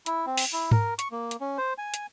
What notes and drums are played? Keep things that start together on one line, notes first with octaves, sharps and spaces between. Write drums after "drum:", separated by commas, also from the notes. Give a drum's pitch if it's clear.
E4, drum: hi-hat
C4
drum: open hi-hat
E4
A#4, drum: tom G#2
C#6, drum: hi-hat
A#3
drum: hi-hat
C#4
C5
G#5
drum: hi-hat